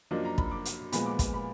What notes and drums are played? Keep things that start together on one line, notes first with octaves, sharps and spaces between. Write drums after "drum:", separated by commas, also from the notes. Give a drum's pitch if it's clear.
F#2 F3 A#3 D4 D#5
A#5
B5, drum: kick
D6
drum: hi-hat
A#2 F3 G#3 B3 B5, drum: hi-hat
D6
B5, drum: kick, hi-hat
B5